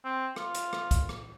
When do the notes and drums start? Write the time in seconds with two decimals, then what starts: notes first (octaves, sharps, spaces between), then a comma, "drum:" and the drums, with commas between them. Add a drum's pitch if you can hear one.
0.05 C4
0.36 F4, drum: rim click
0.55 drum: hi-hat
0.73 drum: rim click
0.91 drum: kick, hi-hat
1.09 drum: rim click